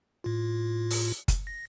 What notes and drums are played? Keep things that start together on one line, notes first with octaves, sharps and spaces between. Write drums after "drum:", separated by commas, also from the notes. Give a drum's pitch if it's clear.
A2 F4
drum: open hi-hat
drum: kick F#1, hi-hat
A#6